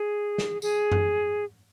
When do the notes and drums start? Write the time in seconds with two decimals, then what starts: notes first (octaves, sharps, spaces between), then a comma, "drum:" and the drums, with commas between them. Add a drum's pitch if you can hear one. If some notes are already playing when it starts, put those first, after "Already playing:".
Already playing: G#4
0.38 drum: snare
0.62 G#4, drum: tambourine
0.92 drum: tom F#2